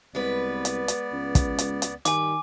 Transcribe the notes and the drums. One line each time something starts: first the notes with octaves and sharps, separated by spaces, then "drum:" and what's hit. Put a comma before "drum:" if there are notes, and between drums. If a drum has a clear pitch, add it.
C2 G#3 B3 B4 D5
drum: hi-hat
drum: hi-hat
C#2
drum: kick, hi-hat
drum: hi-hat
drum: hi-hat
G2 D#3 G3 G#5 D6, drum: hi-hat